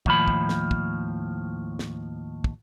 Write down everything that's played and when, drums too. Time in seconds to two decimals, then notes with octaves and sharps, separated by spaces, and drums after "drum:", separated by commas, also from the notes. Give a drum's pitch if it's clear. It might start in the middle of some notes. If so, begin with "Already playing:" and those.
0.06 D#2 A2 F3 B5, drum: kick
0.28 drum: kick
0.49 drum: snare
0.71 drum: kick
1.79 drum: snare
2.44 drum: kick